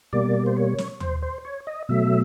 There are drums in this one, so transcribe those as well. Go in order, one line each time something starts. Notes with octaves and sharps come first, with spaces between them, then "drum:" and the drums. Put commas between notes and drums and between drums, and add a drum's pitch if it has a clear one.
B2 G3 A#3 D5
C5
C#5
drum: snare
C5, drum: tom D#2
C5
C#5
D#5
B2 F#3 A3 E5